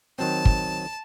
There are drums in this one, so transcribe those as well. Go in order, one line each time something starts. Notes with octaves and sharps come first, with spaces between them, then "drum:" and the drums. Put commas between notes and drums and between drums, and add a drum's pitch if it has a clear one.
D#3 F#3 C4 A5
drum: kick